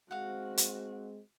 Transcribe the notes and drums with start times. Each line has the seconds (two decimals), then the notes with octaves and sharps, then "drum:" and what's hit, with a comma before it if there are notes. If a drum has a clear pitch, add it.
0.11 G#3 C4 F#4 F5 F#5
0.57 drum: hi-hat